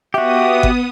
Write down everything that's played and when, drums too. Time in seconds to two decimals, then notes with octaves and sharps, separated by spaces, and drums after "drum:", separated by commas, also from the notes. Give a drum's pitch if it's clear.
0.14 B3 F#4 G4 E5 D#6
0.63 drum: kick G1